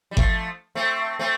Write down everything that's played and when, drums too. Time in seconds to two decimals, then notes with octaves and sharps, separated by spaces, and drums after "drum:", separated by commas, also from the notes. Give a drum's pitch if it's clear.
0.11 G3
0.17 F3 A3, drum: kick G1
0.75 A3 C4
1.19 A3 C4